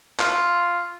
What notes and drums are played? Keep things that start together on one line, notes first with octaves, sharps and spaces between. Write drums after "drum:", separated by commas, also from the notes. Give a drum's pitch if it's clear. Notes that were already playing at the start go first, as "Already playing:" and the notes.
F4, drum: clap